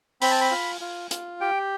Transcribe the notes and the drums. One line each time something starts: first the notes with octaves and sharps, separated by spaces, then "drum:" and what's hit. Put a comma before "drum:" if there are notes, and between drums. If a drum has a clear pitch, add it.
C4 B5, drum: open hi-hat
A5
B5
F4
F4
F4, drum: hi-hat
G4 G5